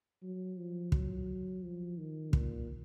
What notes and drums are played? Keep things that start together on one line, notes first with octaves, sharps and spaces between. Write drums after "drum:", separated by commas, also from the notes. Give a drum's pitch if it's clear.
F#3
F3
F#3, drum: kick
F3
D#3
A#2, drum: kick